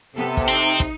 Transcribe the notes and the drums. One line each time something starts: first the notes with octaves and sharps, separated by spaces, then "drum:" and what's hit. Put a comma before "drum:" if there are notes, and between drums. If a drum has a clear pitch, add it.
C3 B3 A4
drum: kick, hi-hat
C4 D#4
drum: kick, hi-hat